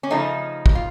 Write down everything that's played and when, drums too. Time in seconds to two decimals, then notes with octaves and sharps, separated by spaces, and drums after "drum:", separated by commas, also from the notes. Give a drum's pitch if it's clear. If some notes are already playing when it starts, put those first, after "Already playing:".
0.03 C#4
0.10 C#3 F3 A3 D#4
0.66 drum: kick
0.75 F4